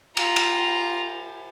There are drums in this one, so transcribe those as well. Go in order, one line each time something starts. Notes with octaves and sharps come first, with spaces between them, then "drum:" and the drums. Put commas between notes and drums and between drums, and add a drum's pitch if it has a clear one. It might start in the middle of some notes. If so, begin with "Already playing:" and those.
F4 A#5, drum: cymbal
drum: cymbal